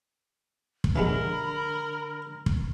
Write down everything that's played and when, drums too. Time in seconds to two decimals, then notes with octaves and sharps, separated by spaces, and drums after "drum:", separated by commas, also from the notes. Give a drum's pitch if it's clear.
0.84 drum: kick
0.96 D3 E3 F#3 G#3 D4 A#4 B5
2.46 drum: kick